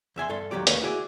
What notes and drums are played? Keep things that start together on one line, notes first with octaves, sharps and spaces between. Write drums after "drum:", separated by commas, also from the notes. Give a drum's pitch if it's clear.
E2 E5 G#5 C6
G2 A4 C6
D#2 F3 F#3 G4 D5
D#2 A3 A#3 B4, drum: hi-hat
E4 F#4 G#4 D5